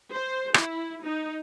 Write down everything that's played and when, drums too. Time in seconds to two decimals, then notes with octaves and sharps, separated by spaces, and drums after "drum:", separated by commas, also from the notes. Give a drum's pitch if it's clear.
0.11 C5
0.54 E4, drum: rim click
1.03 D#4